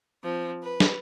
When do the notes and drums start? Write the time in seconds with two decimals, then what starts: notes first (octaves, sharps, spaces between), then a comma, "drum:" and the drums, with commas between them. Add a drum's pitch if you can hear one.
0.23 F3 C4
0.63 B4
0.80 drum: snare